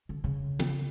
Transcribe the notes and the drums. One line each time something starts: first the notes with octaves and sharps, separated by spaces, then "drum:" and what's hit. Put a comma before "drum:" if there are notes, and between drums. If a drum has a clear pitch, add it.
D3
C#3
drum: tom